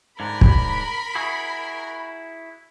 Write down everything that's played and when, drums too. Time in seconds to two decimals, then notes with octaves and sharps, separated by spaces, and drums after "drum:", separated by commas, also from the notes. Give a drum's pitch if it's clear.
0.20 G#2 D3 A#4 B5
0.41 drum: kick
1.15 E4 F#4 G#4